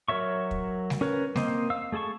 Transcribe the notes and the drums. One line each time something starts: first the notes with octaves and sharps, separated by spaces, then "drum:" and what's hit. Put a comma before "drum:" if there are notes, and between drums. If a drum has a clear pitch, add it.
F#3 A#4 C#5 E5 C#6
drum: kick
drum: snare G3
C#4 A#4 B4 C#5
A#3 C4 C5 D#5, drum: snare G3
F5 E6
A3 G#4 A4 A5 C#6